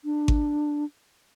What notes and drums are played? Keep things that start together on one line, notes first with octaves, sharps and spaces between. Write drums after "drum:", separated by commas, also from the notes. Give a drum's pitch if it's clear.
D4
drum: kick G#1